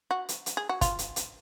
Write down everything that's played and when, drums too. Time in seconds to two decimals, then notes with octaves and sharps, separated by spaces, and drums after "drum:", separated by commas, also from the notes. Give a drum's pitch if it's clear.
0.11 F#4
0.29 drum: hi-hat
0.46 drum: hi-hat
0.57 G#4
0.69 F#4
0.81 F4, drum: kick, hi-hat
0.99 drum: hi-hat
1.16 drum: hi-hat